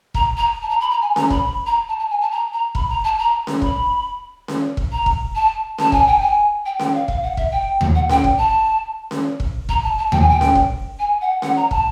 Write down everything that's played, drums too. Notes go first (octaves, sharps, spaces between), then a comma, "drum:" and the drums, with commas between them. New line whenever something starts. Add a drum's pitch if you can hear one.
A#5, drum: kick
A#5
A5
A#5
B5
A#5
G#5
A#5, drum: snare C#4
B5, drum: kick
B5
A#5
A5
A5
G#5
A5
A#5
A#5
B5, drum: kick
A#5
A5
A#5
drum: snare C#4
B5, drum: kick
drum: snare C#4
drum: kick
A#5
drum: kick
A5
A5, drum: snare C#4
G#5, drum: kick
G5
G#5
G5
G5, drum: snare C#4
F5
F5, drum: kick
F#5
E5, drum: kick
G5
drum: tom D#2
F#5
G5, drum: snare C#4
drum: kick
A5
drum: snare C#4
drum: kick
A#5, drum: kick
A5
A5
G5, drum: tom D#2
G#5
G5
drum: snare C#4
drum: kick
G#5
F#5
F#5, drum: snare C#4
A#5
A5, drum: kick